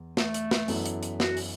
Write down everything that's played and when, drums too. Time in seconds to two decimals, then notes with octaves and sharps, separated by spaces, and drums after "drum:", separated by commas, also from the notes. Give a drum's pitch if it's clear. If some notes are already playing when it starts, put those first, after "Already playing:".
Already playing: E2
0.17 A3, drum: snare
0.34 drum: hi-hat
0.51 drum: snare
0.68 F#2 E3 B3 E4 A4, drum: open hi-hat
0.86 drum: hi-hat
1.03 drum: hi-hat
1.20 F#4, drum: snare
1.37 drum: open hi-hat